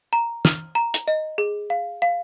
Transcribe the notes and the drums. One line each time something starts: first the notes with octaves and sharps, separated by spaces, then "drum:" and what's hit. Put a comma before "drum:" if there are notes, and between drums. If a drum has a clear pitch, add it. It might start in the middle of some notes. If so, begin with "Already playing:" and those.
A#5
F6, drum: snare
A#5
drum: hi-hat
D#5
G#4
F5
F5